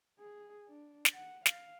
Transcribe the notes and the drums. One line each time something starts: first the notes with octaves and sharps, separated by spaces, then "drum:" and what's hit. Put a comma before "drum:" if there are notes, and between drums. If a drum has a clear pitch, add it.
G#4
D4
drum: snare
F#5
F5, drum: snare